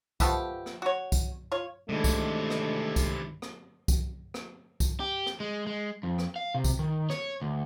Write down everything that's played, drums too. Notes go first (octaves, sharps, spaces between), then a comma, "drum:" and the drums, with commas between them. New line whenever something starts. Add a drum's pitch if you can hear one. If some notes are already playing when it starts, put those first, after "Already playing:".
F3 A3 B3 G4, drum: kick C2, tambourine
drum: rim click
F#4 C#5
drum: kick C2, tambourine
F4 C#5
C3 D#3 E3 G#3 A3 D4 D#5
drum: kick C2, tambourine
drum: rim click
drum: kick C2, tambourine
drum: rim click
drum: kick C2, tambourine
drum: rim click
drum: kick C2, tambourine
G4
drum: rim click
G#3
G#3
F2
drum: rim click
F5
C3
drum: kick C2, tambourine
D#3
C#5, drum: rim click
D2